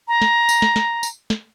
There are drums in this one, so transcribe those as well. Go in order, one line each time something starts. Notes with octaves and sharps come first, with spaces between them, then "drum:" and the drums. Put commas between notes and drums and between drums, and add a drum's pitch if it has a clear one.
A#5
drum: snare
drum: tambourine
drum: snare
drum: snare
drum: tambourine
drum: snare